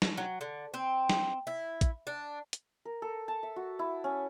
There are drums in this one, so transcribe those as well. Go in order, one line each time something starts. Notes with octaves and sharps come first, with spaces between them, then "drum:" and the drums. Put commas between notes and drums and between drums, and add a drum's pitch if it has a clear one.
drum: snare
F#3
D3
C4
drum: snare
E4
drum: kick, hi-hat
D4
drum: hi-hat
A#4
A4
A5
E5
F#4
E4
C#4